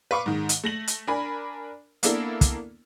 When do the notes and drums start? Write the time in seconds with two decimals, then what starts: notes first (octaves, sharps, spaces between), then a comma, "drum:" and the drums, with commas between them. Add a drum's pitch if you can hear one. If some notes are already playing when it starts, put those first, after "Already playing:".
0.11 B4 F5 C#6 D6
0.26 G#2 D#3
0.49 drum: hi-hat
0.64 A3 A#6 F#7
0.87 drum: hi-hat
1.07 D4 A#4 G#5 B5
2.03 A#3 B3 D4 E4 A4 A#4, drum: hi-hat
2.41 drum: kick, hi-hat